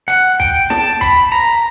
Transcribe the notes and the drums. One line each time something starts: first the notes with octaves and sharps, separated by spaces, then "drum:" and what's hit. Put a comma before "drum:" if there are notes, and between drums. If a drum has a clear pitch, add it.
F#5, drum: hi-hat
G5, drum: kick, hi-hat
A5, drum: snare
B5, drum: kick, hi-hat
A#5, drum: open hi-hat